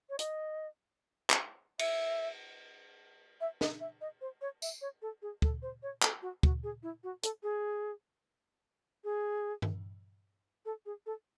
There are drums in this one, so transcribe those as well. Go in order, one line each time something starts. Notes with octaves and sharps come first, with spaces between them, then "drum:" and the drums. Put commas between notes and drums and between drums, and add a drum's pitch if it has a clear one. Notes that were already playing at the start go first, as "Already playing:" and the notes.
C#5
D#5, drum: hi-hat
drum: clap
E5, drum: cymbal
E5
D#5, drum: snare
E5
D#5
C5
C#5
E5, drum: tambourine
C#5
A4
G#4
A4, drum: kick
C5
C#5
A4, drum: clap
F#4
F#4, drum: kick
G#4
E4
F#4
A4, drum: hi-hat
G#4
G#4
drum: tom G2
A4
G#4
A4